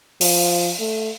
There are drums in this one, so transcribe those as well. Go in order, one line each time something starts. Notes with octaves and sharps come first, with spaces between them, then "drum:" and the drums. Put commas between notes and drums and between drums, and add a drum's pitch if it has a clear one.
F3, drum: open hi-hat
A3